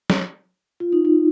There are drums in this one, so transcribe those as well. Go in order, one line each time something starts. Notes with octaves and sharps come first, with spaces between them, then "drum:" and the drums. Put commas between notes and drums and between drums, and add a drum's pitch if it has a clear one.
drum: snare
F4
D#4
D#4